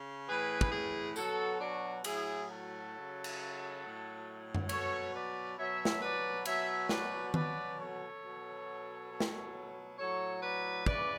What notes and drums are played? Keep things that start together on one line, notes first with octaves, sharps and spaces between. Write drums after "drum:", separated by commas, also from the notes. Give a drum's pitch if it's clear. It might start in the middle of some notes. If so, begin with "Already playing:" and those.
Already playing: C#3
A2 E3 G#4 B4
drum: kick
G#4 B4
B2 F#3 F#4 A4, drum: tambourine
D4 F#4
A2 F#3 E4 G#4, drum: cymbal
F#4 A4
C#3 F#3
drum: cymbal
A2 F#3
drum: tom F#2
B2 F#3 A4 C#5, drum: cymbal
B4 D5
B2 F#3 C#5 E5
drum: snare
B4 D5
B2 F#3 C#5 E5, drum: cymbal
B4 D5, drum: snare
B2 F#3 B4 D5, drum: tom D#3
A4 C#5
B2 F#3
B2 F#3
drum: snare
A2 F#3 A4 C#5
B4 D5
C#3 E3 B4 D5, drum: kick